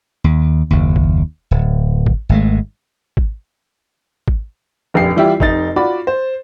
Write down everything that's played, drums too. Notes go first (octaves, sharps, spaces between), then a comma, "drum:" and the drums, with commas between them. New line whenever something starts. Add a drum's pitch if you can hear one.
D#2
F#1 D#2
drum: kick
D1
drum: kick
G#1 G#3 A3
drum: kick
drum: kick
F1 A#1 G4 C7
E3 G3 E4 F4 G4
F1 D#4 A6, drum: kick
F4 F#4 D5 B5
C5